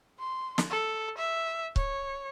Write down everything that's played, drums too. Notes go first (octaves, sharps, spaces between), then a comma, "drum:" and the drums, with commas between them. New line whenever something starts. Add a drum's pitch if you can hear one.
C6
drum: snare
A4
E5
C#5, drum: kick C#1